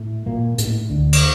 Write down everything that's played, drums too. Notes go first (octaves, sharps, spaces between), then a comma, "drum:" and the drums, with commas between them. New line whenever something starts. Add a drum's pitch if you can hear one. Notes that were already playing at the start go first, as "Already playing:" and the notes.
Already playing: A2 A3
A#2 A#3
A2 A3, drum: hi-hat
D2 D3
drum: cymbal